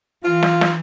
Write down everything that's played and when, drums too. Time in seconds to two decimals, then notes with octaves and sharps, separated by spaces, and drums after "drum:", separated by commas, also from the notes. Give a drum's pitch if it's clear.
0.24 E3 F4
0.43 drum: snare
0.61 drum: snare